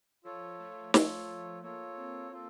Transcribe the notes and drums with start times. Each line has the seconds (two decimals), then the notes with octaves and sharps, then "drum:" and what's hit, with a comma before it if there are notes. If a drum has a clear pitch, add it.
0.24 F3 F4 A4 C#5
0.59 A3
0.94 F4 A4 C#5, drum: snare
1.63 A#3 F4 A4 C#5
1.97 C4
2.32 F4 A4